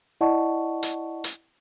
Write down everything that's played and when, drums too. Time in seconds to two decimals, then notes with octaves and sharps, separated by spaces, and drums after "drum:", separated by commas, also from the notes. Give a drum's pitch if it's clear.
0.21 E4 D5 D#5 F#5 A5 C#6
0.83 drum: hi-hat
1.24 drum: hi-hat